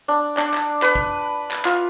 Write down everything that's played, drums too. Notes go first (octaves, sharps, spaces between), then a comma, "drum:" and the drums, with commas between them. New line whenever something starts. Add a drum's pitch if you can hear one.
D4
D4, drum: clap
drum: clap
B4, drum: clap
drum: kick
drum: clap
F4, drum: clap